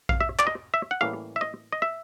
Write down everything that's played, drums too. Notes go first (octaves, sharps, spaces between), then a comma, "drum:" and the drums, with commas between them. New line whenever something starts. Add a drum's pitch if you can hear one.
F5, drum: kick A#1
E5
D5, drum: clap
D#5
E5
F#5
A2 E3 G3 A#3 C#4 F5
E5
D#5
D#5
E5